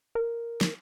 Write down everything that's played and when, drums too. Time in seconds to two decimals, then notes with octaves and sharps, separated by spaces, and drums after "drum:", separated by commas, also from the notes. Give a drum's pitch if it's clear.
0.15 A#4
0.61 drum: snare